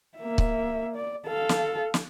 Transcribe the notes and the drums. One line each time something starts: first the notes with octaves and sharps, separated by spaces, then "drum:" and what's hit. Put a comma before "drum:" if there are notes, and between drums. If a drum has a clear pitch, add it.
A#3 E5
drum: kick C#1
D5
A4 F5
drum: snare
drum: snare